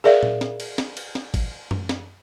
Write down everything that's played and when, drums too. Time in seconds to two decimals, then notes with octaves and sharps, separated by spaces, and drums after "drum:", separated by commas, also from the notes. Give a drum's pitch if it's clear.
0.04 G#4 A#4 D5 E5 F5
0.23 drum: tom A#2
0.41 drum: snare
0.60 drum: cymbal
0.78 drum: snare
0.97 drum: cymbal
1.15 drum: snare
1.34 drum: kick, cymbal
1.71 drum: tom F#2
1.89 drum: snare